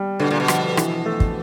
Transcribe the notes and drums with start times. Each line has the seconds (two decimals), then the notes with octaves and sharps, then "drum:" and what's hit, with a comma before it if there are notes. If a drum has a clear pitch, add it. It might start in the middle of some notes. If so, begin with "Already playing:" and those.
Already playing: G3
0.20 B2 D3
0.31 A#2
0.40 B2
0.48 F3, drum: rim click
0.77 E3, drum: rim click
1.06 A3
1.20 drum: kick